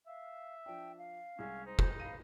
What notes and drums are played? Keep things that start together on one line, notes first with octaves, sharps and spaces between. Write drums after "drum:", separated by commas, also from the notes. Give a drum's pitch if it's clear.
E5 F5
F3 D4 G5
F5
C2 G#3 C#4 G#5
D#4 C5
drum: kick
F5 B5 A#6 D#7